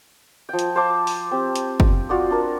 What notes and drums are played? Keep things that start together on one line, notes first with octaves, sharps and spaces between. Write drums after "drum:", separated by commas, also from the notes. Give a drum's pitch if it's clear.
F3 G5
drum: hi-hat
C5 F5 A5 D6
drum: open hi-hat
C4 G4
drum: hi-hat
drum: kick
F4 F#4 D5 D#6
D4 A#4